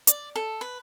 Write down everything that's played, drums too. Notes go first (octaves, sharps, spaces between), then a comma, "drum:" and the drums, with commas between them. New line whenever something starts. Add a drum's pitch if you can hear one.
D5, drum: hi-hat
A4
B4